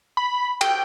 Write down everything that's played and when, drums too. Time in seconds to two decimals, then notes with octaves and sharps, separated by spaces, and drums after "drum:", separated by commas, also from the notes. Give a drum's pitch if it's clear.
0.17 B5
0.61 G5, drum: cymbal